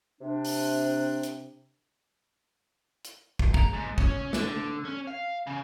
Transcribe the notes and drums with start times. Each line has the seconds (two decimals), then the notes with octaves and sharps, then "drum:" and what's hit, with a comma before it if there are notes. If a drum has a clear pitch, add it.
0.21 C3 D4
0.45 drum: open hi-hat
1.23 drum: hi-hat
3.05 drum: hi-hat
3.39 drum: kick
3.54 A#5, drum: kick
3.73 G#2
3.98 C#4, drum: kick
4.33 D3, drum: snare
4.85 C#4
5.07 F5
5.47 C#3